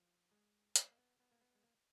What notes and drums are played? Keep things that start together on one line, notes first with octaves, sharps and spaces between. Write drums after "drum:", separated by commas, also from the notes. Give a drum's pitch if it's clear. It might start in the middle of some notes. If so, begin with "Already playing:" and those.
Already playing: F3
G#3
A#3, drum: hi-hat
A#3
B3
B3
A#3
B3
G#3
A#3